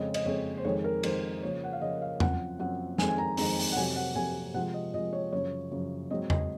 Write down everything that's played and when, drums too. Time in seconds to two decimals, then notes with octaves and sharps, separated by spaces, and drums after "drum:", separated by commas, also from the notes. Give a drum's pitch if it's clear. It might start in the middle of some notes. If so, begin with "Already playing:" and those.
Already playing: F2 C#3 G#3 C4 D#5
0.14 D#5, drum: cymbal
0.26 F2 C#3 G#3 C4 C#5
0.57 C5
0.65 F2 D#3 G#3 C#5
0.84 A#4
1.03 F2 D#3 G#3 C5, drum: cymbal
1.43 C#3 F3 A#3 C#5
1.63 F#5
1.73 F5
1.81 C#3 F3 A#3 D#5
2.02 F5
2.20 F#2 F3 C4 F#5, drum: tom E2
2.59 F#2 F3 C4 F#5
2.98 F2 D#3 G#3 C4 G#5, drum: snare
3.08 G#5
3.18 A#5
3.37 F2 D#3 G#3 C4 A#5, drum: open hi-hat
3.59 drum: open hi-hat
3.72 F#5
3.76 F2 C3 F#3 G#5
3.96 F#5
4.15 F2 C3 F#3 G#5
4.54 C3 F3 G#3 F#5
4.74 D#5
4.94 C3 F3 G#3 D#5
5.13 C#5
5.32 F#2 C#3 F3 C#5
5.71 F#2 C#3 F3
6.10 G#2 F#3 C4 D#5
6.30 D#5, drum: tom E2